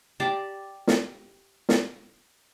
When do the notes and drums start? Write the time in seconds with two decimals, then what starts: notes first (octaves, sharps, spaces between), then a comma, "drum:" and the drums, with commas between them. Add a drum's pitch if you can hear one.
0.20 G4 D5 A5 A#5
0.87 drum: snare
1.69 drum: snare